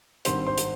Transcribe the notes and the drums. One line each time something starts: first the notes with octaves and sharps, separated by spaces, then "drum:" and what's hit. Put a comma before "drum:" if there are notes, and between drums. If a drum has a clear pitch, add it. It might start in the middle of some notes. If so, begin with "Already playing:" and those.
G#1 G2 D#3 G3 C4 C5 C6, drum: hi-hat
C5 C6
drum: hi-hat